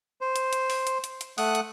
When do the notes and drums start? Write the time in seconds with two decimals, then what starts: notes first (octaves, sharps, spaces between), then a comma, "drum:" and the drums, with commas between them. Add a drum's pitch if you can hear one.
0.21 C5
0.36 drum: hi-hat
0.53 drum: hi-hat
0.70 drum: open hi-hat
0.87 drum: hi-hat
1.04 drum: hi-hat
1.21 drum: hi-hat
1.38 A3 F#5 D#6 F#6, drum: open hi-hat
1.55 drum: hi-hat